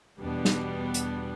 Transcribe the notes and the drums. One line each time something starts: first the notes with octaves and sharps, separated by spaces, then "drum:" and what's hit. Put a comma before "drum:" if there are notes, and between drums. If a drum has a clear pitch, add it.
E2 B2 G3 B3 D4
drum: snare
drum: hi-hat